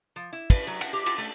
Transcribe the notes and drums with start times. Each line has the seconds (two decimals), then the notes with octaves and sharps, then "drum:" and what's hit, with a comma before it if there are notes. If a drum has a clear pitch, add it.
0.16 F3
0.33 E4
0.50 B4, drum: kick, cymbal
0.67 F#3
0.81 F#5, drum: cymbal
0.93 G4
1.06 F4, drum: cymbal
1.18 A3